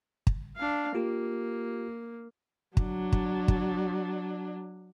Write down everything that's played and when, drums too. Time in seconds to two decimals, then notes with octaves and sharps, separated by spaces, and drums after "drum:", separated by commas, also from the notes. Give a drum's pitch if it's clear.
0.27 drum: kick
0.56 D4 F5
0.95 A#3 F4 G4
2.77 F#3 D4, drum: kick
3.12 drum: kick
3.48 drum: kick